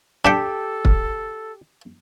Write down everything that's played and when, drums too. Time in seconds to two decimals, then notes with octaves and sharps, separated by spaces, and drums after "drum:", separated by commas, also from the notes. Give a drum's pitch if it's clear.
0.25 D4 G4 A4 G5 A5 B6 C#7
0.85 drum: kick